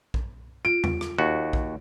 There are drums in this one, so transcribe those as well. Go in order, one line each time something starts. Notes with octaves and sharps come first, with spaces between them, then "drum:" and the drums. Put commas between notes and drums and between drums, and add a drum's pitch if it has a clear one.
drum: kick A#1
F4 D7
drum: tom E2
drum: rim click
D#2 F#4
drum: kick A#1